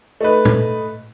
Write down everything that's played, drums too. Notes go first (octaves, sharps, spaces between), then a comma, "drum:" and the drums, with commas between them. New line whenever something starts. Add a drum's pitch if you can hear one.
A3 D#4 B4
drum: tom A#2